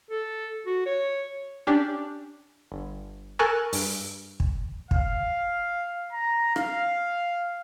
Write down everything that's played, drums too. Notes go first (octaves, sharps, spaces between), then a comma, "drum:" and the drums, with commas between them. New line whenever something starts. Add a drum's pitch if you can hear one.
A4
F#4
C#5
C#4 D4 G4
G1
A4 A#4 G#5 C#6 F#6 A6
G2, drum: open hi-hat
drum: kick
F5, drum: kick
A#5
F5, drum: rim click